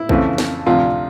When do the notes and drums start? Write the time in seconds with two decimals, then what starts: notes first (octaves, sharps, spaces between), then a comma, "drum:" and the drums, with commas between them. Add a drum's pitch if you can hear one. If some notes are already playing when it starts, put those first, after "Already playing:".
Already playing: E4
0.09 F2 C#3 E3 A3 C4, drum: kick A#1
0.38 drum: snare
0.66 D2 C3 F3 F4